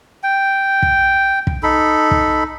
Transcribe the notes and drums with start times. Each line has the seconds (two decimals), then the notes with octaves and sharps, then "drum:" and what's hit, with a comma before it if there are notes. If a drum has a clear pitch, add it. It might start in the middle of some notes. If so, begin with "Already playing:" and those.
0.23 G5
0.82 drum: kick
1.47 drum: kick
1.63 D#4 A4 B5
2.11 drum: kick